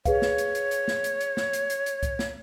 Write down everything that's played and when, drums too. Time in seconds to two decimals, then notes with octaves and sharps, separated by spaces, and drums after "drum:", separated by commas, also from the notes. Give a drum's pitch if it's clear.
0.05 G#4 B4 C#5 F5, drum: kick C2, hi-hat
0.22 drum: snare
0.38 drum: hi-hat
0.55 drum: hi-hat
0.71 drum: hi-hat
0.88 drum: snare
1.04 drum: hi-hat
1.21 drum: hi-hat
1.37 drum: snare
1.53 drum: hi-hat
1.70 drum: hi-hat
1.86 drum: hi-hat
2.03 drum: kick C2, hi-hat
2.19 drum: snare